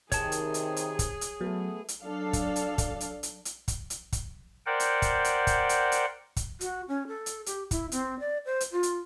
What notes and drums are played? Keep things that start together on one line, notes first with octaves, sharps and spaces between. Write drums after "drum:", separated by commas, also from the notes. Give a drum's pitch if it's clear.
C3 D#3 G#4 C#5 A5, drum: kick, hi-hat
drum: hi-hat
drum: hi-hat
drum: hi-hat
drum: kick, hi-hat
drum: hi-hat
F#3 A3 B3
drum: hi-hat
F#3 D4 A4 F5
drum: kick, hi-hat
drum: hi-hat
drum: kick, hi-hat
drum: hi-hat
drum: hi-hat
drum: hi-hat
drum: kick, hi-hat
drum: hi-hat
drum: kick, hi-hat
A#4 C5 D5 F#5 G5
drum: hi-hat
drum: kick, hi-hat
drum: hi-hat
drum: kick, hi-hat
drum: hi-hat
drum: hi-hat
drum: kick, hi-hat
F#4, drum: hi-hat
C#4
A4
drum: hi-hat
G4, drum: hi-hat
E4, drum: kick, hi-hat
C4, drum: hi-hat
D5
C5
drum: hi-hat
F4
drum: hi-hat